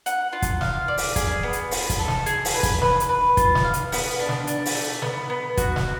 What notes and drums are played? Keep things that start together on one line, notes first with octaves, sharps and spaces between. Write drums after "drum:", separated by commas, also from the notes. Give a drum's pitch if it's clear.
F#5, drum: hi-hat
F4
drum: kick, hi-hat
F5, drum: snare
D5
drum: open hi-hat
G#4, drum: kick, hi-hat
B3
drum: hi-hat
F4, drum: open hi-hat
drum: kick, hi-hat
A4
drum: snare
G#4, drum: hi-hat
drum: open hi-hat
B4
drum: kick, hi-hat
B4, drum: snare
drum: hi-hat
B4
F4, drum: kick, hi-hat
drum: snare
F5
drum: hi-hat
B3, drum: open hi-hat
D4
drum: snare
D4, drum: hi-hat
drum: open hi-hat
A3
B3, drum: snare
B3
F#4, drum: kick, hi-hat
drum: snare